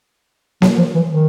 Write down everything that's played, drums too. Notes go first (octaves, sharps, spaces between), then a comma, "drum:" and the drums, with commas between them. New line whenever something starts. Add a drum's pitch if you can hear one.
F#3, drum: snare A#3
F3
E3
D#3